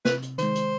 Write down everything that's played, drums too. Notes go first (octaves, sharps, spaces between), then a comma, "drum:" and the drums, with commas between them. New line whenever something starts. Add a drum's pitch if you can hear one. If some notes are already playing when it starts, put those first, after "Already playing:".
C3 B4, drum: snare
drum: hi-hat
D#3 G#3 C5, drum: hi-hat
drum: hi-hat